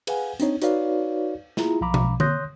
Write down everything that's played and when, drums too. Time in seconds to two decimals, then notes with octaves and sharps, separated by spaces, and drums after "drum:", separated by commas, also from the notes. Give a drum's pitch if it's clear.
0.07 G#4 B4 F5 F#5 G#5, drum: cymbal
0.40 C4 D4 D#4 C#5, drum: hi-hat
0.62 D#4 F#4 B4 C#5 D5 F5, drum: hi-hat
1.57 E4 F4 G#4 A#5, drum: snare
1.81 B1 F3 F5 A#5 B5 D6
1.94 drum: tom B2
2.20 C#5 C6 D#6 F#6 G6 A#6, drum: tom D3